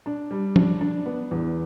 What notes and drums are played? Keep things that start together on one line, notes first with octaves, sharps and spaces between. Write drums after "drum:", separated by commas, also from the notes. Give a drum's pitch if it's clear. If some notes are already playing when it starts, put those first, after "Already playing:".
D4
G3
D4, drum: tom F3
D4
B3
E2